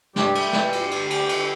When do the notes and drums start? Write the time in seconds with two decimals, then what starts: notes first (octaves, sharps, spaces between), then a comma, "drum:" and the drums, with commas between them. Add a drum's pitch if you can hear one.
0.16 G2 G3 G4, drum: snare
0.35 A3, drum: cymbal
0.53 E3, drum: snare
0.72 G2, drum: cymbal
0.91 D2, drum: cymbal
1.10 G3, drum: cymbal
1.29 D3, drum: cymbal